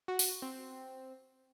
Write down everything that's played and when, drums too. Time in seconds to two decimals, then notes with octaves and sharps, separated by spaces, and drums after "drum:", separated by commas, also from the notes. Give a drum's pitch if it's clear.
0.08 F#4
0.19 drum: open hi-hat
0.42 C4